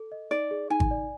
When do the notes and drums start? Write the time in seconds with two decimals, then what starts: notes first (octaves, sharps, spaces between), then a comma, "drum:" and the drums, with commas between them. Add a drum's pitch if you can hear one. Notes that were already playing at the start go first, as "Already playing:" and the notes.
Already playing: A4
0.12 D#5
0.31 D#4 D5
0.51 G#4
0.70 D#4 G#5
0.80 drum: kick G#1
0.91 D5